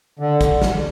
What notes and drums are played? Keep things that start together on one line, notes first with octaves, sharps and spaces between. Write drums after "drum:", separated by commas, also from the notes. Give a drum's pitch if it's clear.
D3
drum: kick, hi-hat
drum: snare